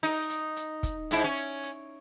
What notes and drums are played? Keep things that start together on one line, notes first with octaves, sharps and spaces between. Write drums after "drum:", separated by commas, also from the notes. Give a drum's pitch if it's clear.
D#4, drum: open hi-hat
drum: hi-hat
drum: hi-hat
drum: kick, hi-hat
G#2 E4, drum: hi-hat
C#4
drum: hi-hat
drum: hi-hat